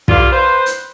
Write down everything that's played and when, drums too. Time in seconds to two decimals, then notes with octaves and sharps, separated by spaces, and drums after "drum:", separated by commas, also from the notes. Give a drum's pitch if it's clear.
0.08 G2 D3 F4, drum: kick
0.32 B4 C5
0.66 drum: hi-hat